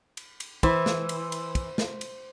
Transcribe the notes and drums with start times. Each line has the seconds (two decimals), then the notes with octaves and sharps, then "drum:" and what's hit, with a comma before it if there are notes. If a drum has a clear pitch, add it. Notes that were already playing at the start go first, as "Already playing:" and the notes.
0.17 drum: cymbal
0.40 drum: cymbal
0.63 E3 C5, drum: kick, cymbal
0.86 drum: snare
1.09 drum: cymbal
1.32 drum: cymbal
1.55 drum: kick, cymbal
1.78 drum: snare
2.01 drum: cymbal